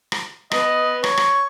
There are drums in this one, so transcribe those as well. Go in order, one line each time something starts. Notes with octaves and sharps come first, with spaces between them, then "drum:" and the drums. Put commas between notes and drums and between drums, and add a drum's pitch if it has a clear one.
drum: rim click
B3 D#5, drum: rim click
C#5 C#6, drum: rim click
drum: rim click